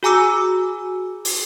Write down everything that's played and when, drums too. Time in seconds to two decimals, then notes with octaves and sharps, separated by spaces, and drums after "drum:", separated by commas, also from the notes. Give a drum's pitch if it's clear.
0.03 F#4 G#4 G#5 A#5 D6 E6
1.25 drum: open hi-hat